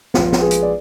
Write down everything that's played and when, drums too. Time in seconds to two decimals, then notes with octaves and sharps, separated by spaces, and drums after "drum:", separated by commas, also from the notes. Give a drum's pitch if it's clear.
0.14 A#1 A#2 G#3 B3 F4, drum: snare
0.32 drum: snare
0.42 G#4 B4
0.51 drum: hi-hat
0.63 D5